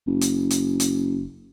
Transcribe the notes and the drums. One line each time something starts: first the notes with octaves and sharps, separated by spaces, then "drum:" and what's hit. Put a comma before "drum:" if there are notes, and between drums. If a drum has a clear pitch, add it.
F#1
drum: hi-hat
drum: hi-hat
drum: hi-hat